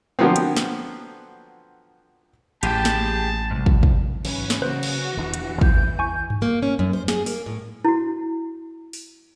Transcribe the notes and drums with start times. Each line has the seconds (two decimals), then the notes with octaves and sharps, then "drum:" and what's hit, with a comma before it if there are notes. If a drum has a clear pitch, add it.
0.19 D3 F3 F#3 B3 C4
0.36 drum: hi-hat
0.57 drum: snare
2.63 A1 G4 G#4 G5 A5, drum: hi-hat
2.85 drum: snare
3.51 C2 G#2
3.66 drum: kick
3.83 drum: kick
4.25 G#2 E3 F#3 C#4 B4, drum: cymbal
4.50 drum: snare
4.62 C#3 F#4 B4 C5
4.83 drum: cymbal
5.17 D#1 E2 E3 D4
5.34 drum: hi-hat
5.61 E2 G6, drum: kick
5.99 G#5 C#6
6.30 drum: tom G2
6.42 A#3
6.63 C#4
6.79 F#2
6.93 C5
7.08 G#4, drum: snare
7.26 A#3, drum: open hi-hat
7.46 A2
7.85 E4 F#4
8.93 drum: open hi-hat